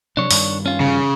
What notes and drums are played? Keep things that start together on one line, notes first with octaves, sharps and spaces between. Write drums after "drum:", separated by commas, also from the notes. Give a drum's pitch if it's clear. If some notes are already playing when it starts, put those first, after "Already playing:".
C3 F#3 D4 C#5
G2 D#3, drum: open hi-hat
C#4 F4
C#3